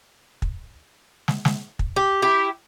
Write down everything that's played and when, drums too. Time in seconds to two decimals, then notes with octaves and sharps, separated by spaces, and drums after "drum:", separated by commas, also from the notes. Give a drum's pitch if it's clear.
0.42 drum: kick
1.28 drum: snare
1.45 drum: snare
1.79 drum: kick
1.96 G4
2.22 E4 G4